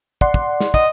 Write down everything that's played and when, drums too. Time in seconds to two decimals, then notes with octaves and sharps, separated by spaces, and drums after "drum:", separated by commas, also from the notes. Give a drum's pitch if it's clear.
0.21 D5 F#5 C6, drum: kick
0.34 drum: kick
0.60 drum: snare
0.74 D#5, drum: kick